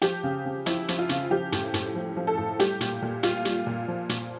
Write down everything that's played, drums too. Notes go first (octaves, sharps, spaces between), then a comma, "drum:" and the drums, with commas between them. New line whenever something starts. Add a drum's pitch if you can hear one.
F3 G4, drum: hi-hat
C#3
C#3
F3 E4, drum: hi-hat
F3, drum: hi-hat
F4
C#3, drum: hi-hat
F3 G4
A2, drum: hi-hat
A2, drum: hi-hat
F3
F3
A4
A2
G3 G4, drum: hi-hat
A#2, drum: hi-hat
A#2
G3 F4, drum: hi-hat
G3, drum: hi-hat
A#2
F3
A#2, drum: hi-hat